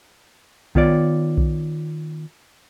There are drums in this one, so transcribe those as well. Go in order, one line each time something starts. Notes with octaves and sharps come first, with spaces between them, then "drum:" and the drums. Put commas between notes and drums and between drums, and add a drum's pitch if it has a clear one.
D#3 B3 F4 C#5 D5, drum: kick B1
drum: kick B1